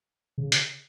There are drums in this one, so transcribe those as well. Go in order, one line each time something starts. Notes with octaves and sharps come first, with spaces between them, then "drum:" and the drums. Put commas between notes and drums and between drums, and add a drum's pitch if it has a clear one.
C#3
drum: hi-hat